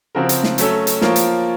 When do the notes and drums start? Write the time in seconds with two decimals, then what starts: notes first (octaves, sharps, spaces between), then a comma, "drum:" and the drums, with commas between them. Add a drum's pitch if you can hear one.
0.15 C#3 F3 C4 F#4 A#4
0.29 drum: hi-hat
0.44 drum: snare
0.58 F#3 A3 C#4 A4, drum: hi-hat
0.87 drum: hi-hat
1.01 F3 A#3 F4 A#4 C#5, drum: snare
1.16 drum: hi-hat